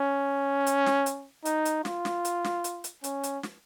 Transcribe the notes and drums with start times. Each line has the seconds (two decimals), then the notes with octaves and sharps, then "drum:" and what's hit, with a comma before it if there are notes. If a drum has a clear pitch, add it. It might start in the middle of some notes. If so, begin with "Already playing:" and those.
Already playing: C#4
0.67 drum: hi-hat
0.86 drum: snare
1.06 drum: hi-hat
1.45 D#4, drum: hi-hat
1.65 drum: hi-hat
1.85 F4, drum: snare
2.05 drum: snare
2.25 drum: hi-hat
2.44 drum: snare
2.64 drum: hi-hat
2.84 drum: hi-hat
3.04 C#4, drum: hi-hat
3.24 drum: hi-hat
3.43 drum: snare